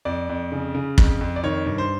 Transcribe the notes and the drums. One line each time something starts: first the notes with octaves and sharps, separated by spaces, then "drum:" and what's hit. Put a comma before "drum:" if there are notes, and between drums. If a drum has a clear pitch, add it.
F2 D5
F2
C#3
C#3
F2, drum: kick
F2
D5
D#3 C#5
G2
C5